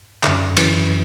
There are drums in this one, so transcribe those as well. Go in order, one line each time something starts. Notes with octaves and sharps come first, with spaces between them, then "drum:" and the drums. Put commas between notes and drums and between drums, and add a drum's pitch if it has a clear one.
F#2 D3, drum: clap
F#2 E3, drum: cymbal